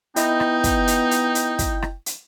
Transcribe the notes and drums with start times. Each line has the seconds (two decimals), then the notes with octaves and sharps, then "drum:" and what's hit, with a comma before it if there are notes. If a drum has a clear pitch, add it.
0.16 B3 D#4 E4 D#5 G5, drum: hi-hat
0.40 drum: rim click
0.64 drum: kick, hi-hat
0.87 drum: hi-hat
1.11 drum: hi-hat
1.35 drum: hi-hat
1.59 drum: kick, hi-hat
1.82 drum: rim click
2.06 drum: hi-hat